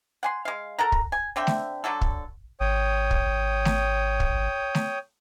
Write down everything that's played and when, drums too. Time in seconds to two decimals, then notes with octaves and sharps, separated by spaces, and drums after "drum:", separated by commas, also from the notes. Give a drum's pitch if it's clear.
0.23 F#5 G#5 C6
0.45 G#3 F5
0.79 A4 A#4 F#5 A#5
0.92 drum: kick
1.12 G#5
1.36 D3 C4 E5 G5
1.47 drum: snare A3
1.84 D3 F#3 F#4 A4
2.01 drum: kick
2.60 G#1 C#5 G5 D#6
3.11 drum: kick
3.65 drum: snare A3
4.20 drum: kick
4.75 drum: snare A3